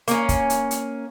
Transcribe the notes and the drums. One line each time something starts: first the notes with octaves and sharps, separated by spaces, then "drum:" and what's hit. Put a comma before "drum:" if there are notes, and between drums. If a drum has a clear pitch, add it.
A#3 C#4, drum: hi-hat
drum: kick, hi-hat
drum: hi-hat
drum: hi-hat